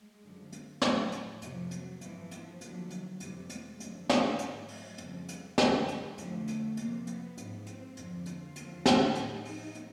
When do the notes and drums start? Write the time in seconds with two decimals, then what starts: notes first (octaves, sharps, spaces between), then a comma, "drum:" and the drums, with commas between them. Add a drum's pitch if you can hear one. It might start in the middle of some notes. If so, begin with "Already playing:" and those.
Already playing: G#3
0.22 F#2 D3 F3
0.52 drum: hi-hat
0.82 A2 F3 F#3, drum: snare
1.12 drum: hi-hat
1.42 F2 C3 F3, drum: hi-hat
1.71 F#3, drum: hi-hat
2.01 G2 E3 F3, drum: hi-hat
2.31 F3, drum: hi-hat
2.61 D#2 D3 F3 F#3, drum: hi-hat
2.90 drum: hi-hat
3.20 F2 C3 E3 G3, drum: hi-hat
3.50 G#3, drum: hi-hat
3.80 F#2 D3 F3 A3, drum: hi-hat
4.09 drum: snare
4.39 G#2 E3, drum: hi-hat
4.68 F#3, drum: open hi-hat
4.98 F2 C#3 F3 G3, drum: hi-hat
5.29 drum: hi-hat
5.58 F#2 D#3 G#3, drum: snare
5.88 G#3, drum: hi-hat
6.18 F2 D3 F3 A3, drum: hi-hat
6.48 drum: hi-hat
6.77 F2 C3 F3 A#3, drum: hi-hat
7.07 B3, drum: hi-hat
7.37 G#2 F3, drum: hi-hat
7.67 C4, drum: hi-hat
7.97 F2 D3 F3, drum: hi-hat
8.26 F4, drum: hi-hat
8.56 D#2 D3 F3, drum: hi-hat
8.86 drum: snare
9.15 A2 F3 D#4, drum: hi-hat
9.45 drum: open hi-hat
9.75 drum: hi-hat